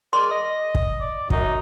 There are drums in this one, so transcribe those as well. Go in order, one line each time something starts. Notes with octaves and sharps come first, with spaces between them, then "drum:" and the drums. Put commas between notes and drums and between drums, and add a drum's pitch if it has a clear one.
G#3 A#4 D5 C6
D#5
drum: kick
D5
F#2 D#4, drum: kick